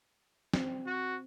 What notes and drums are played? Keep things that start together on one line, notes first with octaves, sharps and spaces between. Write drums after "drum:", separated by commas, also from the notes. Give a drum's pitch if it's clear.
C4, drum: snare
F#4